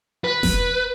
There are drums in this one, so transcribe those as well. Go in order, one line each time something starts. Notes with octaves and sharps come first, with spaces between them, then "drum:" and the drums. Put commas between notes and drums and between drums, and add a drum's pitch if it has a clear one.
B4
drum: snare F1